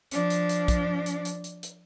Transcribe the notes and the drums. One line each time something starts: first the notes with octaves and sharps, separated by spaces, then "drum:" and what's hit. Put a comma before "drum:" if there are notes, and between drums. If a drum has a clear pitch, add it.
F3 D4, drum: hi-hat
drum: hi-hat
drum: hi-hat
drum: kick, hi-hat
drum: hi-hat
drum: hi-hat
drum: hi-hat
drum: hi-hat